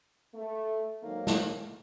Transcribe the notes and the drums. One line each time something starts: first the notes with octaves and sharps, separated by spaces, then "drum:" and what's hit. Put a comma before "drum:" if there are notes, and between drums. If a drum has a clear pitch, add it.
A3
G#2 D#3 F#3 A#3
drum: snare